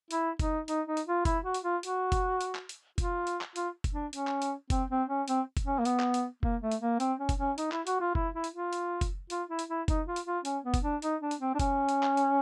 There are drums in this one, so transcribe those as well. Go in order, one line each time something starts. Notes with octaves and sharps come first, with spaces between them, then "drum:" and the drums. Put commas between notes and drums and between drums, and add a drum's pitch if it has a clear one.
E4, drum: hi-hat
D#4, drum: kick F#1, hi-hat
D#4, drum: hi-hat
D#4
drum: hi-hat
F4
E4, drum: kick F#1, hi-hat
F#4
drum: hi-hat
F4
F#4, drum: hi-hat
drum: kick F#1, hi-hat
drum: hi-hat
drum: clap
drum: hi-hat
F4, drum: kick F#1, hi-hat
drum: hi-hat
drum: clap
F4, drum: hi-hat
drum: kick F#1, hi-hat
D4
C#4, drum: hi-hat
drum: clap
drum: hi-hat
C4, drum: kick F#1, hi-hat
C4
C#4
C4, drum: hi-hat
drum: kick F#1, hi-hat
C#4
A#3
B3, drum: hi-hat
drum: clap
drum: hi-hat
A#3, drum: kick F#1
A3
drum: hi-hat
A#3
C4, drum: hi-hat
C#4
drum: kick F#1, hi-hat
C#4
D#4, drum: hi-hat
E4, drum: clap
F#4, drum: hi-hat
F4
E4, drum: kick F#1
E4
drum: hi-hat
F4
drum: hi-hat
drum: kick F#1, hi-hat
F4, drum: hi-hat
E4
drum: hi-hat
E4
D#4, drum: kick F#1, hi-hat
F4
drum: hi-hat
F4
C#4, drum: hi-hat
B3
drum: kick F#1, hi-hat
D4
D#4, drum: hi-hat
D4
drum: hi-hat
C4
D4
C#4, drum: kick F#1, hi-hat
drum: hi-hat
drum: clap
drum: hi-hat